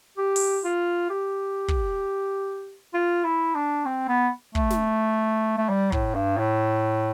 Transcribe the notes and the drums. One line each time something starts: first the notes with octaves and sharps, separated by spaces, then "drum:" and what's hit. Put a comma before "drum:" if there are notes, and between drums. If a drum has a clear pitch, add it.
G4
drum: open hi-hat
F4
G4
drum: kick
F4
E4
D4
C4
B3
A3, drum: kick
drum: snare
A3
G3
A2, drum: kick
G2
A2